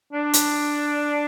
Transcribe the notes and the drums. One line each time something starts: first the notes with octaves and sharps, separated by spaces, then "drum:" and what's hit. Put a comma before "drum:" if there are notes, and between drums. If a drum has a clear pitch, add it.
D4
drum: hi-hat